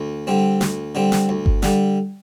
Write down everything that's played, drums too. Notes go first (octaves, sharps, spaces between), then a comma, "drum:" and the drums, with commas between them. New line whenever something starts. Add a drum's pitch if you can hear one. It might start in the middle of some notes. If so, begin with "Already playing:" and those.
Already playing: D2
D3 G3 C4
D2, drum: snare
D3 G3 C4
drum: snare
D2
drum: kick G1
D3 G3, drum: snare